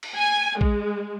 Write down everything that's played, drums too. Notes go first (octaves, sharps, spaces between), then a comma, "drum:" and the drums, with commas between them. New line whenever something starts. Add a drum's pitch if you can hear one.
drum: cymbal
G#5
G#3, drum: kick A#1